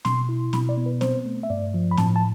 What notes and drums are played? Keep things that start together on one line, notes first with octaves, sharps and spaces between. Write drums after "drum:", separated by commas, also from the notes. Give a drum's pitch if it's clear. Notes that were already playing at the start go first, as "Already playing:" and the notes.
B2 C6, drum: snare C4
E4
B2 B5, drum: snare C4
D5
B3
B4
C4 C5, drum: snare C4
A3
E5
G2 D5
F3
B5
A2 A5, drum: snare C4
A5